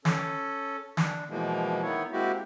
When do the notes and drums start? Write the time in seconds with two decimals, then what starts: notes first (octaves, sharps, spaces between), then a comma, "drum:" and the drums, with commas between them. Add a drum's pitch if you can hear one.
0.05 C#4 A4, drum: snare
0.97 D4, drum: snare
1.29 B2 E3 F3 G#3 A#3
1.82 D#3 B3 E4 C#5
2.12 G#3 A#3 C4 E4 F#4 G4